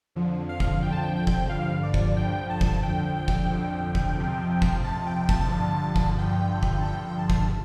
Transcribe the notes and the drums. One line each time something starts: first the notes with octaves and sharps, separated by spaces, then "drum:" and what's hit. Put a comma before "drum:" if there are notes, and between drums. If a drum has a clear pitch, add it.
F2 D3 F3
F5
drum: kick
F2 D3 F3 G5
A5
G5
G5
drum: kick
G2 D3 F3 F5
D5
drum: kick
G2 D3 F3 G5
A5
drum: kick
F2 D3 F3 G5
G5
drum: kick
F2 D3 F3
drum: kick
F2 C3 F3
drum: kick
F2 C3 F3 A5
G5
A5, drum: kick
G2 D3 F3
drum: kick
G2 D3 F3 G5
drum: kick
A5
G2 D3 F3 G5
A5
drum: kick